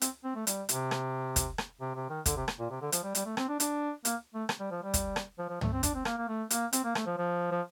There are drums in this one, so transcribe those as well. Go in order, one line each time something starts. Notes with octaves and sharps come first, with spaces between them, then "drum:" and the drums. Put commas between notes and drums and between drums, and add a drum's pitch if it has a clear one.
C4, drum: hi-hat
C4
A3
G3, drum: hi-hat
C3, drum: hi-hat
drum: rim click
drum: kick, hi-hat
drum: rim click
C3
C3
D#3
D3, drum: kick, hi-hat
C3
drum: rim click
A#2
C3
D3
F3, drum: hi-hat
G3
G3, drum: hi-hat
A3
C4, drum: rim click
D4
D4, drum: hi-hat
A#3, drum: hi-hat
A3
drum: rim click
G3
F3
G3
drum: kick, hi-hat
drum: rim click
F3
F3
A3, drum: tom
C4
D4, drum: kick, hi-hat
C4
A#3, drum: rim click
A#3
A3
A#3, drum: hi-hat
C4, drum: hi-hat
A#3
A3, drum: rim click
F3
F3
F3